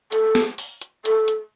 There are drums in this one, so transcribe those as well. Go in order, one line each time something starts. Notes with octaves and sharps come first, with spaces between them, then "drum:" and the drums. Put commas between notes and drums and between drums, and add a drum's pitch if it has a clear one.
A4, drum: hi-hat
drum: snare
drum: open hi-hat
drum: hi-hat
A4, drum: hi-hat
drum: hi-hat